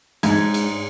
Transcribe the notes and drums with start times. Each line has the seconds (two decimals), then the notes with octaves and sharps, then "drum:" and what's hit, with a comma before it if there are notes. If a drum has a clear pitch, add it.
0.23 G#2 G#6, drum: cymbal
0.54 drum: cymbal